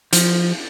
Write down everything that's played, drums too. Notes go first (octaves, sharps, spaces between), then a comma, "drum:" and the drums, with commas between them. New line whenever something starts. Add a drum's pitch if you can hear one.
F3, drum: hi-hat